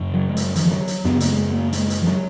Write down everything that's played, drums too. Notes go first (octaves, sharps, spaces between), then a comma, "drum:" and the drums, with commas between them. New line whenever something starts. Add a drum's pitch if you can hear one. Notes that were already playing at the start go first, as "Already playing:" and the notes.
Already playing: F#2 C#3
F#3
G#3
F#3, drum: hi-hat
D#3, drum: hi-hat
F3
F#3, drum: snare
drum: hi-hat
F#2 C#3 B3, drum: snare
A#3, drum: hi-hat
G#3
A#3
G#3, drum: hi-hat
drum: hi-hat
F3
F#3, drum: snare